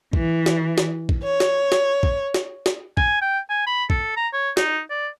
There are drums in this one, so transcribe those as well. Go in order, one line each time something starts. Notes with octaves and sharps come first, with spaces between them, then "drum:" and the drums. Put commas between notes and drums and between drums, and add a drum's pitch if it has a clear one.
E3, drum: kick
drum: snare
drum: snare
drum: kick
C#5
drum: snare
drum: snare
drum: kick
drum: snare
drum: snare
G#5, drum: kick
G5
G#5
B5
A4, drum: kick
A#5
C#5
D#4, drum: snare
D5